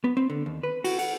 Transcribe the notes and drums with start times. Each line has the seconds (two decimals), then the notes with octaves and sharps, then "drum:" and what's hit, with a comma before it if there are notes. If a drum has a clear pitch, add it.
0.04 B3
0.17 C4
0.30 D3
0.46 D#2
0.63 B4
0.84 F#4, drum: cymbal
0.99 F#5, drum: cymbal